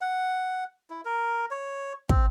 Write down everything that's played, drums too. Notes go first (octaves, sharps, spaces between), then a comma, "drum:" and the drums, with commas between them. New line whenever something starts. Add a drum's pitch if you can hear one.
F#5
E4
A#4
C#5
C4, drum: kick